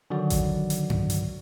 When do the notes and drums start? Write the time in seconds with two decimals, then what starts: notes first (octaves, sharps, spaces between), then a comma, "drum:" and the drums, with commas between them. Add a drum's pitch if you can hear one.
0.10 D3 D#3 F#3 F#4 D5
0.30 drum: kick A1, hi-hat
0.70 drum: hi-hat
0.90 drum: tom G2
1.10 drum: hi-hat